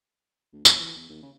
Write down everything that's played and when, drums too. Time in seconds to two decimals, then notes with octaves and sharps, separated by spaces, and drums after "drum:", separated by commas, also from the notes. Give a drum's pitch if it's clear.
0.53 D2
0.65 G1, drum: tambourine
0.81 E3
0.97 E2
1.09 D#2
1.23 C#3